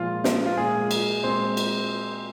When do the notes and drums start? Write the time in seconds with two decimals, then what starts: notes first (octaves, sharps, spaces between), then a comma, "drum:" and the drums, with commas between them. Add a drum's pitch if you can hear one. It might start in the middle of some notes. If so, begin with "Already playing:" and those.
Already playing: A#2 F3 G#3 F4
0.24 drum: snare
0.46 F4
0.57 A#2 G#3 G#4
0.91 drum: cymbal
1.24 A#2 G#3 C4 C5
1.57 drum: cymbal